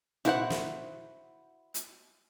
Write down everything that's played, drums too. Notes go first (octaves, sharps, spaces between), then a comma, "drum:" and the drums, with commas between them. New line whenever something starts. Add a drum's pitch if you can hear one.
E4 F#4 C5 F#5, drum: tom A#2
drum: snare
drum: hi-hat